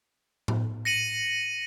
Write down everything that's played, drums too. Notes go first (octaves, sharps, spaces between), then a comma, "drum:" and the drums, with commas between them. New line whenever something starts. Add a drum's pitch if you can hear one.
drum: tom A2
A#6 C#7 D#7 F#7